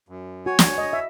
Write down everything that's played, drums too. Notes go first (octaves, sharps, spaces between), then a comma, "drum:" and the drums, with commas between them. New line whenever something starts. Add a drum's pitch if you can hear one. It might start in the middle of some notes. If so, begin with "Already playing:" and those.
F#2
F#4 C#5 G#5
drum: snare
D#5
E5